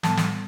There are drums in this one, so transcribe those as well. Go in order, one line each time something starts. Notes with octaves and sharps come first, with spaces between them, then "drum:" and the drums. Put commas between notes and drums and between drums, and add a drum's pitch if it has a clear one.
A2 G3 B3 A5, drum: snare
drum: snare